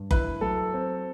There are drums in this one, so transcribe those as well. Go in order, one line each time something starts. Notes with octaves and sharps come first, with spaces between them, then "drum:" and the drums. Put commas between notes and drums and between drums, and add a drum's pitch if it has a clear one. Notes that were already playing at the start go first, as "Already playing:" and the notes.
Already playing: G2
E4 B4, drum: kick F#1
F#3 A4
C4